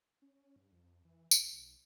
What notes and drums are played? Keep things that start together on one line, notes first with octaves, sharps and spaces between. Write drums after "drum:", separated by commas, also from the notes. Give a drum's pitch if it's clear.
C#4
G2
F2
E3
D#2, drum: tambourine
B1